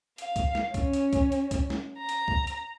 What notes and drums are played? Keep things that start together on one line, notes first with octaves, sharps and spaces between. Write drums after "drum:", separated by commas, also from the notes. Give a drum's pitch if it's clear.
F5, drum: hi-hat
drum: kick C#2, hi-hat
drum: snare
C#4, drum: kick C#2, hi-hat
drum: hi-hat
drum: kick C#2, hi-hat
drum: hi-hat
drum: kick C#2, hi-hat
drum: snare
A#5
drum: hi-hat
drum: kick C#2
drum: hi-hat